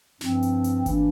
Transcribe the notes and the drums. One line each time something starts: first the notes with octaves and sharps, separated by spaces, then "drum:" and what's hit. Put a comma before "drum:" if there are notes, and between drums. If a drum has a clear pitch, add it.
G2 F3 C4, drum: snare
drum: hi-hat
drum: hi-hat
E3 A#3 D4, drum: kick G#1, hi-hat